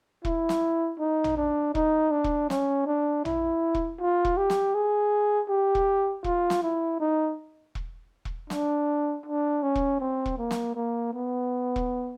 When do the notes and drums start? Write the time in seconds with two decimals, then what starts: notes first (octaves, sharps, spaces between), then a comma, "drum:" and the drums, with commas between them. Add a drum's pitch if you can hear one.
0.25 E4, drum: kick E1
0.49 drum: snare
0.99 D#4
1.24 drum: tom A1
1.37 D4
1.75 D#4, drum: kick E1
2.11 D4
2.24 drum: kick E1
2.50 C#4, drum: snare
2.86 D4
3.25 E4, drum: tom A1
3.75 drum: kick E1
4.00 F4
4.25 drum: kick E1
4.37 G4
4.50 drum: snare
4.75 G#4
5.49 G4
5.75 drum: kick E1
6.24 F4, drum: kick E1
6.50 drum: snare
6.63 E4
7.00 D#4
7.75 drum: kick E1
8.25 drum: kick E1
8.50 D4, drum: snare
9.26 D4
9.63 C#4
9.75 drum: kick E1
10.00 C4
10.26 drum: kick E1
10.38 A#3
10.51 drum: snare
10.75 A#3
11.14 B3
11.76 drum: kick E1